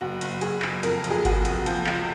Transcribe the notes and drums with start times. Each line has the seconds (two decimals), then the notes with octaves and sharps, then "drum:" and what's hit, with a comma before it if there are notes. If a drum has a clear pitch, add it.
0.01 F#1 F#4
0.21 F#1, drum: hi-hat
0.41 F#1 G#4, drum: hi-hat
0.62 F#1, drum: clap
0.83 F2 A#4, drum: hi-hat
1.04 F1, drum: hi-hat
1.10 G#4
1.25 F1 F#4, drum: kick G1, hi-hat
1.45 F1, drum: hi-hat
1.66 F3, drum: hi-hat
1.87 C#2, drum: clap